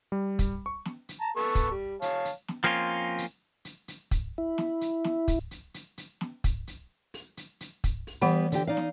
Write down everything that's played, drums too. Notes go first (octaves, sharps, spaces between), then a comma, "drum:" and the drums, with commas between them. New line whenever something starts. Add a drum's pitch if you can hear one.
G3
drum: kick, hi-hat
C#6
drum: snare
drum: hi-hat
A5 A#5
B3 A4 C#6
drum: kick, hi-hat
G3
C#5 F5 A5, drum: hi-hat
drum: hi-hat
drum: snare
F3 A#3 C4 C#4 F4
drum: hi-hat
drum: hi-hat
drum: hi-hat
drum: kick, hi-hat
E4
drum: snare
drum: hi-hat
drum: snare
drum: kick, hi-hat
drum: hi-hat
drum: hi-hat
drum: hi-hat
drum: snare
drum: kick, hi-hat
drum: hi-hat
drum: open hi-hat
drum: hi-hat
drum: hi-hat
drum: kick, hi-hat
drum: open hi-hat
E3 G3 B3 F#5 B5
D3 G4, drum: hi-hat
D#4 D5 F5
drum: snare